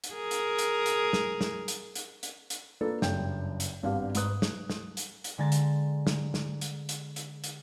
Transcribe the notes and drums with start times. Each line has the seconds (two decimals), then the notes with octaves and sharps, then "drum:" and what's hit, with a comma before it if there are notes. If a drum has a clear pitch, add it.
0.04 drum: hi-hat
0.14 G#4 A#4
0.31 drum: hi-hat
0.58 drum: hi-hat
0.86 drum: hi-hat
1.13 drum: snare
1.41 drum: snare
1.68 drum: hi-hat
1.95 drum: hi-hat
2.23 drum: hi-hat
2.50 drum: hi-hat
2.81 A#3 D4 F4 A4 B4
3.02 F#1 G2 G5 G6, drum: snare
3.60 drum: hi-hat
3.83 G#1 G2 B3 D4 G4 F5
4.15 G#2 B4 D#6 F#6, drum: hi-hat
4.29 B4
4.42 drum: snare
4.70 drum: snare
4.97 drum: hi-hat
5.24 drum: hi-hat
5.38 D3 G#3 G#5 A#5 A6
5.52 drum: hi-hat
6.07 drum: snare
6.34 drum: snare
6.61 drum: hi-hat
6.89 drum: hi-hat
7.16 drum: hi-hat
7.44 drum: hi-hat